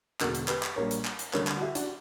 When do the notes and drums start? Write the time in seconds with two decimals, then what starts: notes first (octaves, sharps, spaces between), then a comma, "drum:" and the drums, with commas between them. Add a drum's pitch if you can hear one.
0.21 E1 E2 D3 F#4 A#4, drum: clap
0.35 drum: hi-hat
0.48 G4 B4, drum: clap
0.63 drum: clap
0.76 A#1 A#2 G3 A#4 C#5
0.91 drum: hi-hat
1.05 drum: clap
1.19 drum: hi-hat
1.33 D2 D3 G3 A#4 C#5, drum: clap
1.47 drum: clap
1.57 F#4
1.61 E4 G4
1.75 D4 F#4, drum: hi-hat